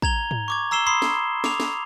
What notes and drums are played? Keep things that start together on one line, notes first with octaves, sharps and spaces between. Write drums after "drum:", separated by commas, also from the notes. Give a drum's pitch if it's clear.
A#5 G#6 F7 G7, drum: kick
drum: tom G#2
C#6 D6 G#6
A#5 E6 C7 E7 G7
B5 C6 D#6 C7 G7
drum: snare
D6 F7, drum: snare
drum: snare